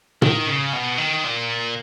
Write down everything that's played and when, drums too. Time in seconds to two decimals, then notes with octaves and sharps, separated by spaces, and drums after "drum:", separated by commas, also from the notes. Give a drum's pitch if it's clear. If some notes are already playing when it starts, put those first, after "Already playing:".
0.22 D#3, drum: tom
0.47 C#3
0.73 B2
0.98 D#3
1.24 A#2